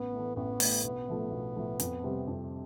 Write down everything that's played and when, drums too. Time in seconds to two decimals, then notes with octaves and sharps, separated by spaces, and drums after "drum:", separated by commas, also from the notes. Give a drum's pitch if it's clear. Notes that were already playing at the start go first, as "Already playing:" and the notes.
Already playing: A1 B3
0.12 A2 E3 A3
0.36 A1 B3
0.60 A2 E3 A3, drum: open hi-hat
0.84 B1 B3
1.08 A2 F3 A3
1.31 B1
1.55 A2 F3 A3
1.80 F2, drum: hi-hat
2.04 C3 G3 C4 G4
2.27 F2